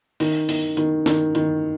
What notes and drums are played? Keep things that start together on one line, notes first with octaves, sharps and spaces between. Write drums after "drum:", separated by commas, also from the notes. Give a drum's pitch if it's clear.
D#3, drum: open hi-hat
D#3, drum: open hi-hat
D#3, drum: hi-hat
D#3, drum: snare
D#3, drum: hi-hat